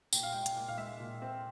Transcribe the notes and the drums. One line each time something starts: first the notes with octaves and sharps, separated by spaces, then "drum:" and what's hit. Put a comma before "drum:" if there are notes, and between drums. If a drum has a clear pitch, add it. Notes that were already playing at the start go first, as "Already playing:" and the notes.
A#2 G5, drum: tambourine
F5
G#3 G5
drum: hi-hat
A#2
F5
G#3 E5
A#2
C4